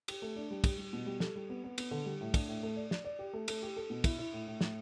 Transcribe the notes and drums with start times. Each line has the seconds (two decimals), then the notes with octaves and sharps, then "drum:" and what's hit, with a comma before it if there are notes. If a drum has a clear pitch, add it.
0.08 G4, drum: cymbal
0.22 A3
0.36 D4
0.51 G3
0.64 G3, drum: kick, cymbal
0.78 G3
0.93 B2
1.06 G3
1.20 A4, drum: snare
1.36 G3
1.50 B3
1.64 B3
1.78 B3, drum: cymbal
1.91 D3
2.05 G3
2.21 A2
2.34 D4, drum: kick, cymbal
2.48 A2
2.63 A3
2.76 D5
2.91 D5, drum: snare
3.05 D5
3.19 G4
3.33 A3
3.48 A3, drum: cymbal
3.62 G4
3.77 A4
3.90 B2
4.04 E4, drum: kick, cymbal
4.18 E4
4.33 A2
4.47 A2
4.61 A2, drum: snare